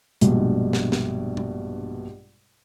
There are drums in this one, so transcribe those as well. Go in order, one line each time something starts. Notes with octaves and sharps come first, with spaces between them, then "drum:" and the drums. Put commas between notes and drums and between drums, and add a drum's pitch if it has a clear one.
A#1 G2 B2 G#3, drum: hi-hat
drum: snare
drum: snare
drum: tom B2